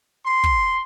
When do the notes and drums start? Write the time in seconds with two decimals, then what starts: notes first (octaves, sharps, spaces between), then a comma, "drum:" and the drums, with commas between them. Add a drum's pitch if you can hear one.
0.25 C6
0.44 drum: kick